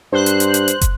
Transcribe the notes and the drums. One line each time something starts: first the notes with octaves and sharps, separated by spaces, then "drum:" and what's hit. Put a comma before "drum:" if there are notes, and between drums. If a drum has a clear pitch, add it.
G2 C5 F#6
drum: hi-hat
drum: hi-hat
drum: hi-hat
drum: hi-hat
drum: kick, hi-hat